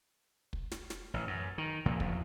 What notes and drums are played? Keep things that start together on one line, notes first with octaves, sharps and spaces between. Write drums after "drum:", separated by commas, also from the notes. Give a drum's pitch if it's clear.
drum: kick
drum: snare
drum: snare
A1
F#2
D#3
C#2 A#2 F3 A#3
E2 F3 F#3, drum: kick